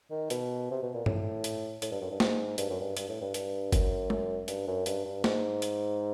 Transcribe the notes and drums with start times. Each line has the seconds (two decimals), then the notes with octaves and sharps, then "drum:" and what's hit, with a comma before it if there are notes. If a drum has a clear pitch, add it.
0.11 D#3
0.30 B2, drum: hi-hat
0.71 C3
0.83 B2
0.94 A#2
1.06 A2, drum: tom G2
1.44 drum: hi-hat
1.82 A2, drum: hi-hat
1.91 G2
2.02 F#2
2.11 G2
2.20 G#2, drum: snare
2.58 G2, drum: hi-hat
2.69 F#2
2.80 G2
2.97 G2, drum: hi-hat
3.09 A2
3.21 G2
3.34 G2, drum: hi-hat
3.72 F#2, drum: kick G1, hi-hat
4.10 drum: tom
4.48 G2, drum: hi-hat
4.67 F#2
4.86 G2, drum: hi-hat
5.05 G2
5.24 G#2, drum: snare
5.62 drum: hi-hat